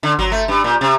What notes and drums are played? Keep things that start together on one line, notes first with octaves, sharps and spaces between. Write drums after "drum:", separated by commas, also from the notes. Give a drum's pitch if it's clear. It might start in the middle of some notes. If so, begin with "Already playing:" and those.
D3
F#3, drum: kick G1
A3
G2
A#2
C3